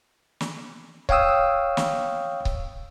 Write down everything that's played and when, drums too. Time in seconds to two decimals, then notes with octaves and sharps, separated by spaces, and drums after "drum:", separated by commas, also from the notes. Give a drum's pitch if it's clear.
0.41 drum: snare
1.09 C#5 F5 G5 D#6 E6, drum: kick C#1
1.77 drum: snare
2.45 drum: kick C#1